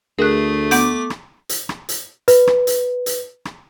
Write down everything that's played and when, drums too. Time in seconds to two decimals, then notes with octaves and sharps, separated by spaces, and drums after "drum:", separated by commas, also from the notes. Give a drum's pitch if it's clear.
0.19 D2 A3 G#4 A#4 F#6
0.71 B3 F#5 D6 G6, drum: hi-hat
1.10 drum: rim click
1.49 drum: hi-hat
1.69 drum: rim click
1.89 drum: hi-hat
2.28 B4, drum: hi-hat
2.47 drum: rim click
2.67 drum: hi-hat
3.06 drum: hi-hat
3.45 drum: rim click